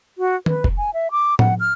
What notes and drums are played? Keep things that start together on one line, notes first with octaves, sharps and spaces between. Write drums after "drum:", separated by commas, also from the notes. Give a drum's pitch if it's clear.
F#4
B4, drum: tom
drum: kick F1
G#5
E5
D6
F#5, drum: tom A2
F6